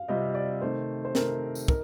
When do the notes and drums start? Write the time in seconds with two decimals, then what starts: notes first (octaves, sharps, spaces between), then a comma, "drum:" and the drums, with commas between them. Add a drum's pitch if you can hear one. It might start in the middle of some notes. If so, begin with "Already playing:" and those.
Already playing: F5
0.08 C3 G3 C4 F4 D#5
0.35 D5
0.62 C3 D#3 A3 C5
1.05 C5
1.15 C3 D#3 A3 A#4, drum: snare
1.55 drum: tambourine
1.68 D#4 A#4, drum: kick